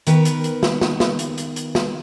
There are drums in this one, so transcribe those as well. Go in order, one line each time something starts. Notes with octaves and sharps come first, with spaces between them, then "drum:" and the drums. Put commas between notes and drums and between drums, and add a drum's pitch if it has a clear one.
D#3 B3 A#4 B4, drum: hi-hat
drum: hi-hat
drum: hi-hat
drum: snare
drum: snare
drum: snare
drum: hi-hat
drum: hi-hat
drum: hi-hat
drum: snare